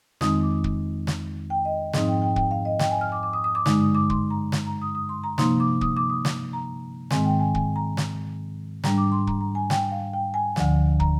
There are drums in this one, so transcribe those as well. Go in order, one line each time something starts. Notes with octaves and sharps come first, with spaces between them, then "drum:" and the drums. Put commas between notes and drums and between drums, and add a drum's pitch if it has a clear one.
F2 D#3 G#3 C4 D#4 D#6, drum: snare
D6
drum: kick
drum: snare
G5
D#5
G#2 F3 C4 D#4 D#5, drum: snare
G5
G5
G5, drum: kick
F5
D#5
G5, drum: snare
G#5
F6
D6
D6
D#6
D#6
D6
G2 D3 G#3 D#4, drum: snare
D#6
D6
C6, drum: kick
A#5
drum: snare
A#5
D#6
D#6
C6
A#5
C3 F3 A#3 D#4 C6, drum: snare
D6
D#6, drum: kick
D6
D#6
drum: snare
A#5
G#2 D#3 G#3 C4 G#5, drum: snare
G5
G#5
G#5, drum: kick
A#5
drum: snare
G#2 G3 D4 A#5, drum: snare
D6
C6
A#5, drum: kick
A#5
G#5
G5, drum: snare
F5
G5
G#5
D2 D3 F3, drum: snare
A#5, drum: kick